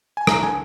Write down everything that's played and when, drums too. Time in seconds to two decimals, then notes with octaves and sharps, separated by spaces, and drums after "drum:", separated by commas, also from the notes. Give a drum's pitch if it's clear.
0.17 G#5
0.27 D2 A#5, drum: rim click
0.42 D3 G#5